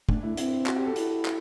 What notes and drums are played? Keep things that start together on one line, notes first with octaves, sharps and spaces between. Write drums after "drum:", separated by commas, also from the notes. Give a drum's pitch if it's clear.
A3 D4, drum: kick
A3 E4
C4 E4, drum: hi-hat
F#4, drum: clap
G4
A4
E4, drum: hi-hat
drum: clap